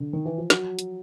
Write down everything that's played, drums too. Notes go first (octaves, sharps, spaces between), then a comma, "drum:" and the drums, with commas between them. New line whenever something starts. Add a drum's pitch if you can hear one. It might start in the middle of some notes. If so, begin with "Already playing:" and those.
D3
D#3
E3
F3
F#3, drum: snare
drum: hi-hat